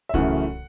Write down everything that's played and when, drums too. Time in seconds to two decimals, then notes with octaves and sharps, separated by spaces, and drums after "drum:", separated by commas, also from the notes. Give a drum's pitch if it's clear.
0.09 E5
0.14 F#2 C#3 E3 A3 F#5, drum: kick C2